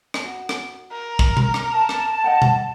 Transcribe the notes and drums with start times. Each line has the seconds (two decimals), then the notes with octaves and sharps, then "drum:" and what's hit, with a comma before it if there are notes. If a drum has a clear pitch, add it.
0.14 drum: rim click
0.24 F#4
0.49 drum: rim click
0.92 A#4
1.19 drum: kick
1.37 drum: tom B2
1.54 drum: rim click
1.69 A5
1.89 drum: rim click
2.24 D#5 F#5 G5
2.42 drum: tom B2